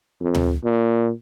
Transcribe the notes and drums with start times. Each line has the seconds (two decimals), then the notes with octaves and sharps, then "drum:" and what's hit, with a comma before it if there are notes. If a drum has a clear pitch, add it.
0.21 F2
0.35 drum: tom D2
0.64 A#2